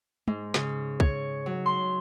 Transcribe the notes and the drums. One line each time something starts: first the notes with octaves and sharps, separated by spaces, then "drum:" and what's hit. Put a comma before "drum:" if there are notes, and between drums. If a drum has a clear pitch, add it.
G#2, drum: tom
C#3, drum: snare
C#5, drum: kick
F#3
C6